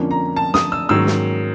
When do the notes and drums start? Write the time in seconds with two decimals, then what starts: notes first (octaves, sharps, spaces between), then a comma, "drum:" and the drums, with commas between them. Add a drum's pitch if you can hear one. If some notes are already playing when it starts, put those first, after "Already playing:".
Already playing: F2 D3 F3 A#3 C#4
0.11 A#5
0.37 A5
0.54 D#6, drum: snare
0.72 E6
0.89 G#2 D#3 F#3 A#3 C#4 E6
1.07 drum: snare